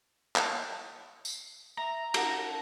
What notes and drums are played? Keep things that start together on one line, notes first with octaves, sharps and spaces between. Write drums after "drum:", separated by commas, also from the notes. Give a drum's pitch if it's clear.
drum: clap
drum: tambourine
E5 A#5
A4 F#5, drum: cymbal